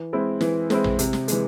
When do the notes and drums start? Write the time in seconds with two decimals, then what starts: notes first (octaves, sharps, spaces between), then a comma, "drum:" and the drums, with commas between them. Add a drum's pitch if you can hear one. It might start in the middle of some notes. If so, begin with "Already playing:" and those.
Already playing: E3
0.13 G#3 C4 E4
0.41 E3, drum: snare
0.70 G#3 C4 E4, drum: snare
0.84 drum: tom A1
0.99 C3, drum: hi-hat
1.13 drum: snare
1.28 E3 G#3, drum: hi-hat